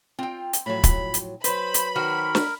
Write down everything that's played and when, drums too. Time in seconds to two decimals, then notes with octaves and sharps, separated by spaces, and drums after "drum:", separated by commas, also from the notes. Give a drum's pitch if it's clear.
0.19 C4 F4 G5
0.53 drum: hi-hat
0.66 A2 F3 F#3 B5
0.84 drum: kick, hi-hat
1.14 drum: hi-hat
1.44 F#3 B4 C5 B5, drum: hi-hat
1.74 drum: hi-hat
1.95 D#3 F#4 A#4 C5
2.35 drum: snare